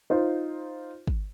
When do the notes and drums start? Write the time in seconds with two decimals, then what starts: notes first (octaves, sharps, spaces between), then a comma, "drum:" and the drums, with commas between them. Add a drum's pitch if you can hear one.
0.10 D#4 F4 C5
1.07 drum: kick